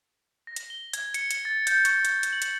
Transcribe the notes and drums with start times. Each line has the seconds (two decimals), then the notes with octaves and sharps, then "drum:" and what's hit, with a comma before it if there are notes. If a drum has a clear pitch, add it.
0.47 A#6
0.56 drum: hi-hat
0.70 G7
0.93 G#6, drum: hi-hat
1.14 C#7, drum: hi-hat
1.31 drum: hi-hat
1.45 A6
1.67 G6, drum: hi-hat
1.85 C#6, drum: hi-hat
2.05 drum: hi-hat
2.23 drum: hi-hat
2.33 F#7
2.42 drum: hi-hat